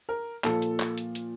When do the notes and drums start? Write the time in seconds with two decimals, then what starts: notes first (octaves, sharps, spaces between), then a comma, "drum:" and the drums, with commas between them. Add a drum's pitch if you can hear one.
0.09 A#4
0.44 A#2 F3 A4, drum: clap
0.62 drum: hi-hat
0.80 drum: clap
0.97 drum: hi-hat
1.15 drum: hi-hat